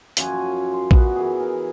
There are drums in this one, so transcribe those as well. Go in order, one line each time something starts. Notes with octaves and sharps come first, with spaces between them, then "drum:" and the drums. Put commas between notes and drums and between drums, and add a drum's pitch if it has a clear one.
F#2 F3 C#4 G#5, drum: hi-hat
C6
F#2 B3 A#4, drum: kick A#1
E3 G#4
A#4